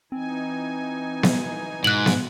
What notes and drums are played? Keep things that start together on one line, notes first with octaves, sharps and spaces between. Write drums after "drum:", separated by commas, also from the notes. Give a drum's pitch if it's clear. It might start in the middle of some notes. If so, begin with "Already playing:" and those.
E3 C4 D#4 G#5
drum: snare B3
G#2 B2 F#6 F#7
drum: snare B3